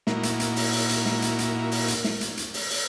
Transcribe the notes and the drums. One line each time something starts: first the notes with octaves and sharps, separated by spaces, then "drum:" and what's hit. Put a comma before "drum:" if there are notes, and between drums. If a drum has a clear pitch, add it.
A#2 D#4 E4 F#4 A#4, drum: snare
drum: hi-hat
drum: hi-hat
drum: open hi-hat
drum: open hi-hat
drum: hi-hat
drum: snare
drum: hi-hat
drum: hi-hat
drum: open hi-hat
drum: hi-hat
drum: snare
drum: hi-hat
drum: hi-hat
drum: open hi-hat
drum: open hi-hat